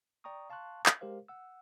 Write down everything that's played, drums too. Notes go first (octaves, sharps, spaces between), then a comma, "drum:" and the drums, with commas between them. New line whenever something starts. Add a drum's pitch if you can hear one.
D5 G5 A#5 C#6 D#6
F5 A5 C6 C#6 F#6
drum: clap
G#3 G4 A#4 C5 F5
F#5 E6